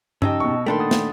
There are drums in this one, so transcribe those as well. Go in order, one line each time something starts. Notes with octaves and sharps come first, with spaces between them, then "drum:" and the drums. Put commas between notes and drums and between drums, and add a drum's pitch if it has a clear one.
C#3 D#4 G4 D#5 A5 E6, drum: tom G2
B2 C#6
A#2 D#3 A3 D4 A4 G5 B5 C6
F#5 D#6 A6
drum: snare